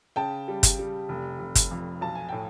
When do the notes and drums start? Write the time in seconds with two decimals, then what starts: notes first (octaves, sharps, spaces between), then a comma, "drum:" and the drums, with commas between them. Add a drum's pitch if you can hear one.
0.16 C#3 G5 A5
0.48 G3
0.63 drum: kick G1, hi-hat
0.79 G3
1.09 F1
1.39 F1
1.55 drum: kick G1, hi-hat
1.71 F2
2.01 B1 A5
2.15 G#5
2.29 A2 G5